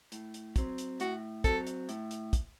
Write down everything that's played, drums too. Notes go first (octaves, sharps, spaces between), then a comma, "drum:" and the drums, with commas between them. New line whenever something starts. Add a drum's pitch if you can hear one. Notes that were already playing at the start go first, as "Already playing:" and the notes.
A2, drum: hi-hat
drum: hi-hat
F#3 C4, drum: kick, hi-hat
drum: hi-hat
A2 F#4, drum: hi-hat
F#3 C4 A4, drum: kick, hi-hat
drum: hi-hat
A2, drum: hi-hat
drum: hi-hat
drum: kick, hi-hat